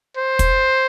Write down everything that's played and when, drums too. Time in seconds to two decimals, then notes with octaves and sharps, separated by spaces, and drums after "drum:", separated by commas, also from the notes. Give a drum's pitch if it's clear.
0.17 C5
0.39 drum: kick, hi-hat